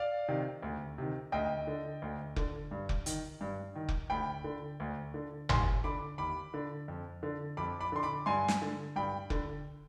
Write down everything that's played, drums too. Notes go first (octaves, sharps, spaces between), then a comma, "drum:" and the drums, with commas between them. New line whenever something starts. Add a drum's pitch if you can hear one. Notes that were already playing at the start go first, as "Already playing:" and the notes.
Already playing: D5 F5
C3 D#3
D2
C3 D#3
D2 D#5 G5
D3
D2
D3, drum: kick F1
G2
drum: kick F1
D#3, drum: hi-hat
G2
D#3
drum: kick F1
D2 G5 B5
D3
D2
D3
D#2 G#5 C6, drum: tom G1
D3 B5 D6
D#2 B5 D6
D3
F2
D3
F2 B5 D6
B5 D6
D3 C6
B5 D6
G2 G#5 C6
drum: snare
D3
G2 G5 B5
D3, drum: kick F1